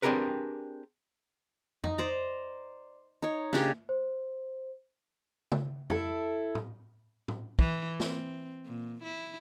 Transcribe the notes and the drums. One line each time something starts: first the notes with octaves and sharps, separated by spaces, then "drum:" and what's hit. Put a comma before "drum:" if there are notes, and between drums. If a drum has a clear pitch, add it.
C4 D4 G4 G#4 A#4 B4
D#4, drum: tom F2
C5 D5 A#5
D#4 C#5
C#3 D4 G4 C#5, drum: snare
C5
drum: tom C#3
E4 A4, drum: tom F2
drum: tom A2
drum: tom A2
E3, drum: kick
C4, drum: snare
A#2
E4